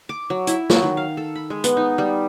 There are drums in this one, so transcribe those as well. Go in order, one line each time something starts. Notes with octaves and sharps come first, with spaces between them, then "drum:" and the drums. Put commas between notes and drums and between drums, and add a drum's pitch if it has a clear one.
D6
F#3
E4, drum: hi-hat
F#3, drum: snare
D#3
F5
A4
B5
G#3
B3, drum: hi-hat
D#4
G3